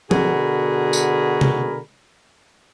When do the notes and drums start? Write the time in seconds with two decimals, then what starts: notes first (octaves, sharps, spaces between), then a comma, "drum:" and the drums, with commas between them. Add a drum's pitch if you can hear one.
0.11 B2 D3 F#4 G#4 A#4 B5, drum: tom
0.93 drum: tambourine
1.41 drum: tom C3